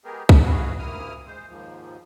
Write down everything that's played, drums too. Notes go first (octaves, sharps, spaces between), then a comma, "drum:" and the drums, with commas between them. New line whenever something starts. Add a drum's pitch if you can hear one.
G#3 B3 G4 G#4 A#4
D5, drum: kick C2
C3 E4 F#4 G#4 B4 F5
D2 A#3 E4 D#6 F6
G#3 C5
D#2 G#2 F3